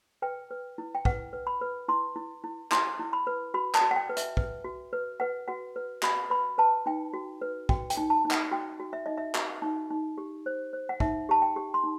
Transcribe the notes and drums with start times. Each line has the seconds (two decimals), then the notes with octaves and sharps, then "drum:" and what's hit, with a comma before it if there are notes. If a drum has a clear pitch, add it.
0.22 B4 G5
0.51 B4
0.78 E4
0.95 G5
1.05 B4 F#5, drum: kick
1.33 B4
1.47 B5
1.61 B4
1.88 E4 C6
2.16 E4
2.44 E4
2.72 E4 C6, drum: clap
2.99 E4
3.13 B5
3.27 B4
3.54 F#4 B5
3.75 A5, drum: clap
3.82 F#4
3.91 F#5
3.96 G5
4.09 B4
4.17 E5, drum: hi-hat
4.37 B4, drum: kick
4.64 F#4
4.93 B4
5.20 B4 F#5
5.48 F#4 F#5
5.76 B4
6.03 F#4 B5, drum: clap
6.30 B4 B5
6.58 B4 A5
6.86 D#4 G5
7.13 F#4
7.41 B4
7.69 F#4 G5, drum: kick
7.90 G5, drum: hi-hat
7.97 D#4
8.10 A5
8.25 D#4
8.31 F#5, drum: clap
8.51 F#4 G5
8.80 F#4
8.93 E5
9.06 D#4 D#5
9.18 E5
9.35 F#4, drum: clap
9.62 D#4
9.90 D#4
10.18 G4
10.46 C5
10.73 C5
10.89 F#5
11.00 D#4 E5, drum: kick
11.29 G4 A5
11.42 G5
11.56 G4
11.74 C6
11.83 D#4